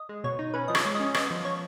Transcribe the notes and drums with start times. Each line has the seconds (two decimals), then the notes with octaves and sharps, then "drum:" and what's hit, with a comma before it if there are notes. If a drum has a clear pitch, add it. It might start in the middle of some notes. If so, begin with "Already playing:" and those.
Already playing: D#5
0.09 G#3
0.24 B2 C#5
0.39 D#4
0.54 C#4 B4
0.68 F3 D#5
0.75 C#5, drum: rim click
0.85 G#3
0.95 C#4 D#5
1.14 B3 D#5, drum: rim click
1.31 F3
1.45 C#5